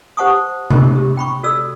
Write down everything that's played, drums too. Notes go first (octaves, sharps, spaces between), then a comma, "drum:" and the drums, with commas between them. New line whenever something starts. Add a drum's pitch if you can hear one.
G4 C5 F#5 A5 C#6 D#6
drum: tom C3
G4
G5 B5 C#6
F#4 A4 D5 E6